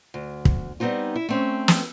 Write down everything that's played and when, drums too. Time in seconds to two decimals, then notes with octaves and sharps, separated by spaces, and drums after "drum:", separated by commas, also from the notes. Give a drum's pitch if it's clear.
0.14 D2
0.45 drum: kick
0.80 G3 B3 C4 D#4 F4
1.16 E4
1.29 A3 C4 C#4
1.68 drum: snare